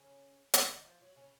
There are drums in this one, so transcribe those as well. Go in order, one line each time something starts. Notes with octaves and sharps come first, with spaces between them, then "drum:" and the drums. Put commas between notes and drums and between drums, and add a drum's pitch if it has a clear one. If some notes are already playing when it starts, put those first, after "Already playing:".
Already playing: C#3 C#4
C#3 C#4, drum: hi-hat
D#3 D#4
F3 F4
F#3 F#4
C#3 C#4